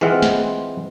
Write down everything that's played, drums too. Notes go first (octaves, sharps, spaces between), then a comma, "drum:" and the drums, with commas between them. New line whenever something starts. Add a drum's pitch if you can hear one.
E3 G#3 C4 F4 F5 F#5
drum: snare